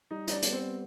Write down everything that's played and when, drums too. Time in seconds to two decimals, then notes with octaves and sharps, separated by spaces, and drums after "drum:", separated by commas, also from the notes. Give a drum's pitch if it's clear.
0.11 G3 D#4
0.27 D#4, drum: hi-hat
0.31 D4
0.42 B3, drum: hi-hat
0.53 C4